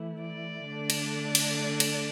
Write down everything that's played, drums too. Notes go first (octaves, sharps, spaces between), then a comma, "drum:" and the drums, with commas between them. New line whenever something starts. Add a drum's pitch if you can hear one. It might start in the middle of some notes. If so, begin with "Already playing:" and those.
Already playing: E3 A3 E4
D5
D3 A3 D4
drum: cymbal
drum: cymbal
drum: cymbal